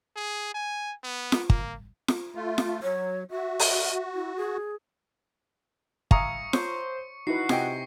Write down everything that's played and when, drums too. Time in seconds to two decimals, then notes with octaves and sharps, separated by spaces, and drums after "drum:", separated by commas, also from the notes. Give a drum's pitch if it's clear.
0.16 G#4
0.54 G#5
1.03 B3
1.32 drum: snare F4
1.50 A#3, drum: kick
2.08 drum: snare F4
2.35 A3 F4
2.58 drum: snare F4
2.83 F#3 C#5
3.31 F#4 E5
3.59 drum: open hi-hat
4.15 E4
4.37 G#4
6.11 E5 F5 G#5 A#5 C#6 D#6 C#7, drum: kick
6.53 C5 C#5, drum: snare F4
7.27 D#4 E4 F#4 B4 C7
7.49 C3 D#5 G5 G#5 C#6, drum: snare F4